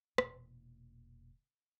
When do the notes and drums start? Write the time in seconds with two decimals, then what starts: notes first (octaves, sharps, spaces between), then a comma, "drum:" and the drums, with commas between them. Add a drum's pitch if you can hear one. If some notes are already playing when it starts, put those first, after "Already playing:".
0.18 E1 A#2, drum: rim click